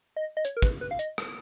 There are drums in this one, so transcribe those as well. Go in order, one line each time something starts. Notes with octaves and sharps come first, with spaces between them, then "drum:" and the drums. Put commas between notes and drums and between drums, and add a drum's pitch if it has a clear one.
D#5
D#5
C#5, drum: hi-hat
A#4
B4, drum: kick, hi-hat
B4
F5
D#5, drum: hi-hat
drum: rim click